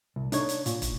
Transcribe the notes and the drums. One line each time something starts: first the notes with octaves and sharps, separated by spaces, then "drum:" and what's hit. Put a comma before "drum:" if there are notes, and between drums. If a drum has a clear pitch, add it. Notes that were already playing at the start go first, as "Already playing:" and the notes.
C2
D4 D#4 C#5, drum: hi-hat
drum: hi-hat
A#2, drum: hi-hat
drum: kick, hi-hat